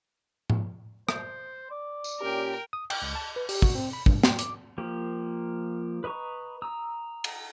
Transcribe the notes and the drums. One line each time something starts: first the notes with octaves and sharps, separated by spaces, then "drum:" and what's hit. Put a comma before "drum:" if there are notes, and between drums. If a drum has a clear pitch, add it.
drum: tom A2
C5, drum: rim click
D5
drum: tambourine
A#2 C#4 G4 A#4 G5
D#6
G5, drum: cymbal
C#2
A5
B4
G4, drum: open hi-hat
F#4, drum: kick
C4
B5
G2, drum: kick
G5, drum: snare
D6, drum: hi-hat
F3 A#3 G4
B4 D#5 A#5 C#6
A#5 D#6 E6
drum: cymbal